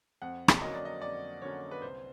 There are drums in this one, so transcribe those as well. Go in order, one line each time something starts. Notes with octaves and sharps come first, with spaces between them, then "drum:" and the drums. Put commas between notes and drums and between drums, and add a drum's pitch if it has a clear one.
F2 F#5
drum: rim click
D3 F#3 A#3 C#4 D#5
D5
D#5
F2 D5
D3 F#3 A#3 C#4 C#5
B4
C2 C5